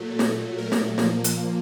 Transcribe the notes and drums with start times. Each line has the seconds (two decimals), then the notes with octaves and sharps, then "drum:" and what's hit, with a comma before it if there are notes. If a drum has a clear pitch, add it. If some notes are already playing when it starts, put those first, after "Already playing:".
Already playing: A#2 F#3 A3
0.19 drum: snare
0.58 A#4
0.72 drum: snare
0.98 A#2 F3 A#3, drum: snare
1.24 drum: hi-hat